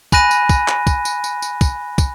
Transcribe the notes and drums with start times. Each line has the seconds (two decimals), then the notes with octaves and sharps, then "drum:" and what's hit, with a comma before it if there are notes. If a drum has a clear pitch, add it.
0.12 G#5 B5 F#6 A#6 D#7, drum: kick, tambourine
0.31 drum: tambourine
0.49 drum: kick, tambourine
0.68 drum: clap
0.87 drum: kick, tambourine
1.05 drum: tambourine
1.24 drum: tambourine
1.42 drum: tambourine
1.61 drum: kick, tambourine
1.98 drum: kick, tambourine